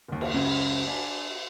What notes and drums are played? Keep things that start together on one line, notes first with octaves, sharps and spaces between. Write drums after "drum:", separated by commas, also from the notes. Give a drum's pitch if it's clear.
F#1 D#2
drum: cymbal
C#2 F#2 C#3
D4 G#5